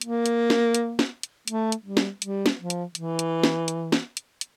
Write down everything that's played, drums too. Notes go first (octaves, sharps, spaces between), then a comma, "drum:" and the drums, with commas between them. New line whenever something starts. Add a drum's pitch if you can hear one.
A#3, drum: hi-hat
drum: hi-hat
drum: snare
drum: hi-hat
drum: snare
drum: hi-hat
A3, drum: hi-hat
drum: hi-hat
G3
drum: snare
G3, drum: hi-hat
drum: snare
F3
drum: hi-hat
E3, drum: hi-hat
drum: hi-hat
drum: snare
drum: hi-hat
drum: snare
drum: hi-hat
drum: hi-hat